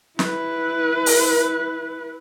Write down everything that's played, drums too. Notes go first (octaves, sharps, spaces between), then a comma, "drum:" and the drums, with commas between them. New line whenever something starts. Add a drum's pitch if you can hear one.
E4 B4, drum: snare
drum: open hi-hat